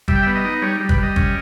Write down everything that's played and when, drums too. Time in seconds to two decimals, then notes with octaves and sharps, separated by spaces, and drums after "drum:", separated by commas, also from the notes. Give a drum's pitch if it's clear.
0.08 G3 E5, drum: kick
0.16 G5
0.23 E5
0.27 B3
0.35 D#5
0.44 D#4
0.62 G3 C#5
0.80 G3
0.89 B4, drum: kick
0.98 G3
1.03 D#5
1.16 C#4, drum: kick